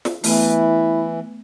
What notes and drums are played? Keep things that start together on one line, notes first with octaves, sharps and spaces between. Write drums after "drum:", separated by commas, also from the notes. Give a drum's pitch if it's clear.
drum: snare
E3 A3 B3 E4, drum: open hi-hat